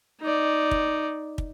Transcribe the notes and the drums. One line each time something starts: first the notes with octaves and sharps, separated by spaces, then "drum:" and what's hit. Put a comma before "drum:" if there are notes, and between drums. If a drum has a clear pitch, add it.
D#4 D5
drum: kick
drum: kick